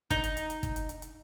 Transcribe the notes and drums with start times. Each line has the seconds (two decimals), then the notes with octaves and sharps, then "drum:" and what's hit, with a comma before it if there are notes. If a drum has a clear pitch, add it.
0.11 D#4, drum: kick, hi-hat
0.24 drum: hi-hat
0.37 drum: hi-hat
0.50 drum: hi-hat
0.63 drum: kick, hi-hat
0.76 drum: hi-hat
0.89 drum: hi-hat
1.02 drum: hi-hat